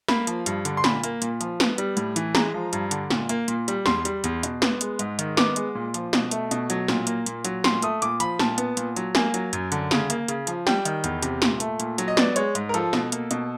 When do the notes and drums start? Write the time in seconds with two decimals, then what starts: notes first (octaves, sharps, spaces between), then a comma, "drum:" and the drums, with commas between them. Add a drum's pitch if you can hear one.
0.08 A#3 B5, drum: snare
0.27 F3, drum: hi-hat
0.46 G2, drum: hi-hat
0.65 D3, drum: hi-hat
0.77 C6
0.84 A#2 B5, drum: snare
1.04 A#3, drum: hi-hat
1.22 A#2, drum: hi-hat
1.41 F3, drum: hi-hat
1.60 B3, drum: snare
1.78 G3, drum: hi-hat
1.97 A2, drum: hi-hat
2.16 E3, drum: hi-hat
2.35 G#3 A#5, drum: snare
2.54 F3
2.73 G2, drum: hi-hat
2.91 D3, drum: hi-hat
3.10 A#2, drum: snare
3.29 A#3, drum: hi-hat
3.48 A#2, drum: hi-hat
3.68 G3, drum: hi-hat
3.86 E2 C6, drum: snare
4.05 G3, drum: hi-hat
4.24 E2, drum: hi-hat
4.43 B2, drum: hi-hat
4.62 B3, drum: snare
4.81 G#3, drum: hi-hat
4.99 G#2, drum: hi-hat
5.19 D#3, drum: hi-hat
5.37 B3 D6, drum: snare
5.56 G#3, drum: hi-hat
5.75 A#2
5.94 F3, drum: hi-hat
6.13 B2, drum: snare
6.31 A3, drum: hi-hat
6.51 B2, drum: hi-hat
6.70 F#3, drum: hi-hat
6.88 A#2, drum: snare
7.07 A#3, drum: hi-hat
7.26 A#2, drum: hi-hat
7.45 F#3, drum: hi-hat
7.64 A#2 C6, drum: snare
7.82 A3 D#6, drum: hi-hat
8.02 A#2 D6, drum: hi-hat
8.20 F3 B5, drum: hi-hat
8.39 A#2 A5, drum: snare
8.58 B3, drum: hi-hat
8.77 A#2, drum: hi-hat
8.96 F#3, drum: hi-hat
9.15 A#3 G#5, drum: snare
9.34 F#3, drum: hi-hat
9.53 F#2, drum: hi-hat
9.72 D3, drum: hi-hat
9.91 C#3, drum: snare
10.10 A#3, drum: hi-hat
10.28 C#3, drum: hi-hat
10.47 F3, drum: hi-hat
10.67 G3 G5, drum: snare
10.85 D#3, drum: hi-hat
11.04 E2, drum: hi-hat
11.22 C3, drum: hi-hat
11.42 A#2, drum: snare
11.60 A3, drum: hi-hat
11.80 A#2, drum: hi-hat
11.98 F#3, drum: hi-hat
12.08 D#5
12.17 B3 D5, drum: snare
12.36 G#3 C#5, drum: hi-hat
12.55 G#2, drum: hi-hat
12.69 A#4
12.74 F3 A4, drum: hi-hat
12.93 B2, drum: snare
13.12 A#3, drum: hi-hat
13.31 B2, drum: hi-hat